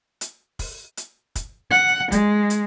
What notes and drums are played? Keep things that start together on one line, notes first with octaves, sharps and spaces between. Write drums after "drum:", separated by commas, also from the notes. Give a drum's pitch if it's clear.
drum: hi-hat
drum: kick, open hi-hat
drum: hi-hat
drum: kick, hi-hat
F#5
G#3, drum: kick, hi-hat
drum: hi-hat